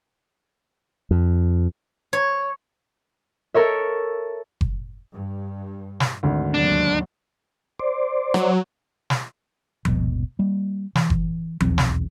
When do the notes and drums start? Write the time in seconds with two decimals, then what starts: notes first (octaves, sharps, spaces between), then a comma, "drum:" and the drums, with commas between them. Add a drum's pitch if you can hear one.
1.11 F2
2.13 C#5
3.54 A4 A#4 C#5 E5
4.61 drum: kick F#1
5.12 G2
6.00 drum: snare
6.23 G#1 D2
6.54 D#2 C3 F#3 D4
7.80 C5 D5
8.34 F#3, drum: rim click
9.10 drum: snare
9.85 D#1 G#1 B2, drum: tom F3
10.39 G3 A#3
10.95 E3, drum: snare
11.10 drum: kick F#1
11.60 D#1 B1 E2 C4, drum: tom F3
11.78 drum: snare